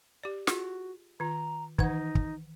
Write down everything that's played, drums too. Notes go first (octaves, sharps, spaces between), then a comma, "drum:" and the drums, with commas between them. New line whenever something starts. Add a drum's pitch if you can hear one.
G4 D5
F4 F#4 G#4, drum: snare
D#3 F4 A#5
D#3 E3 D#4 F#5, drum: kick
drum: kick